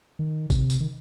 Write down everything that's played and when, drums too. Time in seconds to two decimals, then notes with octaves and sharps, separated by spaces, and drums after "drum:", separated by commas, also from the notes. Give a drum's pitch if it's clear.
0.19 D#3
0.50 C3, drum: kick G#1, tambourine
0.70 drum: tambourine
0.80 D#3